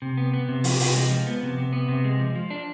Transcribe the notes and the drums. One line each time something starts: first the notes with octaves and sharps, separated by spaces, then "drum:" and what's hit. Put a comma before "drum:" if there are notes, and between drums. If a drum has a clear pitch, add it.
C3
B3
B3
C3
F3, drum: open hi-hat
C3, drum: open hi-hat
G#3
F3
B3
C3
C3
B3
C3
G#3
F3
F3
D4